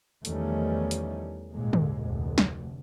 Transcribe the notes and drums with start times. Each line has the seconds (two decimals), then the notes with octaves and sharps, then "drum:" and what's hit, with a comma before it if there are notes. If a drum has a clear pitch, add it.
0.25 E2 D#3 F3 G3 A3 C#4, drum: hi-hat
0.91 drum: hi-hat
1.54 G#1 D#2 A#2 G#3
1.73 drum: tom
2.00 F1 D2
2.38 drum: snare